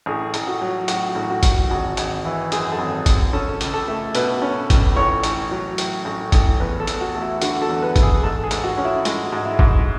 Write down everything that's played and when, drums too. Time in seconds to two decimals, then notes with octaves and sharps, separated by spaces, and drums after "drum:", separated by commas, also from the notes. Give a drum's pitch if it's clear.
0.06 A1 G#4
0.34 A1, drum: hi-hat
0.47 F#4
0.61 F#3
0.88 A2 F#4, drum: hi-hat
1.15 A1
1.30 F#4
1.43 A1, drum: kick, hi-hat
1.70 G#1 F#4
1.97 G#1, drum: hi-hat
2.25 E3
2.52 F#2 G#4, drum: hi-hat
2.72 A4
2.79 G#1
3.06 G#1, drum: kick, hi-hat
3.33 C#4 A4
3.61 C#2, drum: hi-hat
3.74 A4
3.88 A3
4.15 B2 B4, drum: hi-hat
4.42 C#4
4.70 C#2, drum: kick, hi-hat
4.96 A1 C#5
5.23 A1, drum: hi-hat
5.51 F#3
5.78 A2, drum: hi-hat
6.05 A1
6.32 A1, drum: kick, hi-hat
6.60 E2 B4
6.80 A4
6.87 E2, drum: hi-hat
7.01 F#4
7.15 A3
7.22 E4
7.42 D3 F#4, drum: hi-hat
7.62 A4
7.69 E2
7.82 B4
7.96 E2, drum: kick, hi-hat
8.03 G#4
8.23 G#2 A4
8.44 G#4
8.51 G#2, drum: hi-hat
8.64 F#4
8.78 C#4
8.85 E4
9.05 G#3 F#4, drum: hi-hat
9.32 G#2
9.45 E4
9.59 G#2, drum: kick